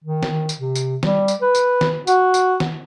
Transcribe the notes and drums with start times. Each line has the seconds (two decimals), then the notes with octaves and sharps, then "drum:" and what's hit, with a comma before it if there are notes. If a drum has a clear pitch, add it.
0.04 D#3
0.23 drum: snare
0.49 drum: tambourine
0.59 C3
0.75 drum: tambourine
1.03 G3, drum: snare
1.28 drum: tambourine
1.41 B4
1.55 drum: tambourine
1.81 drum: snare
2.07 F#4, drum: tambourine
2.34 drum: tambourine
2.60 drum: snare